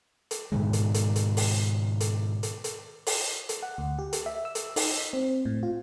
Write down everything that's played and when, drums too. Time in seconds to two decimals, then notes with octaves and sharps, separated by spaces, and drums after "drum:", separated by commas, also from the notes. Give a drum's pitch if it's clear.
0.31 drum: hi-hat
0.52 G#2 B2 D#3 G#3
0.73 drum: hi-hat
0.94 drum: hi-hat
1.16 drum: hi-hat
1.37 drum: open hi-hat
2.00 drum: hi-hat
2.43 drum: hi-hat
2.64 drum: hi-hat
3.07 drum: open hi-hat
3.49 drum: hi-hat
3.63 F#5
3.78 D2
3.99 G4
4.13 drum: hi-hat
4.26 E5
4.45 E6
4.55 drum: hi-hat
4.76 D#4, drum: open hi-hat
4.97 B6
5.13 C4
5.45 A2
5.63 F4